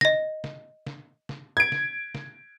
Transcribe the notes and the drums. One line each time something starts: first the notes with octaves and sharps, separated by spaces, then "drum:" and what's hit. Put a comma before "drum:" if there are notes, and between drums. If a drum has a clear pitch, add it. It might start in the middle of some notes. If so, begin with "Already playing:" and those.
D#5 A#6, drum: snare
drum: snare
drum: snare
drum: snare
G#6 D7
drum: snare
drum: snare